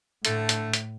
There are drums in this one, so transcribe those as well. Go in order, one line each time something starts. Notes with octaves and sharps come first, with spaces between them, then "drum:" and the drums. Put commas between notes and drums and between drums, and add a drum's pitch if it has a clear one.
A2 D3 A3, drum: hi-hat
drum: hi-hat
drum: hi-hat